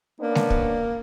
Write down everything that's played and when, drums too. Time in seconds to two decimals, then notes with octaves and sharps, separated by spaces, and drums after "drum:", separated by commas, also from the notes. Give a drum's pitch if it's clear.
0.20 A#3 B3 C#4 D4
0.35 drum: snare G#3
0.50 drum: kick